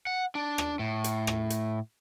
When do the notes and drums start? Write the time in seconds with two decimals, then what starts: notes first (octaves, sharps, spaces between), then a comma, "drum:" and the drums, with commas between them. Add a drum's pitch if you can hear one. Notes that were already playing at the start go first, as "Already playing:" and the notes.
0.07 F#5
0.35 D4
0.58 drum: rim click
0.79 A2
1.04 drum: hi-hat
1.27 drum: rim click
1.50 drum: hi-hat